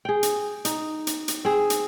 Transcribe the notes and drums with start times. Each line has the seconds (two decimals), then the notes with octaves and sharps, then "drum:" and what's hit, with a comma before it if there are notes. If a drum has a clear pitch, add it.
0.05 G#4 G5
0.23 drum: hi-hat
0.65 D#4, drum: hi-hat
1.07 drum: hi-hat
1.28 drum: hi-hat
1.45 C4 G#4
1.70 drum: hi-hat